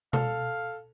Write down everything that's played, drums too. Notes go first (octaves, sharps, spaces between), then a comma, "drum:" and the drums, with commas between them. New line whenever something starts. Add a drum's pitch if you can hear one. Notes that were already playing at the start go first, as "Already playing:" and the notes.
A4 F5 F6, drum: tom B2